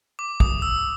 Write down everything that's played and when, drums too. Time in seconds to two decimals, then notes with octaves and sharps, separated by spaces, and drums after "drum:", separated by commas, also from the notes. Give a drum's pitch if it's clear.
0.19 D6
0.40 D#6, drum: kick
0.62 E6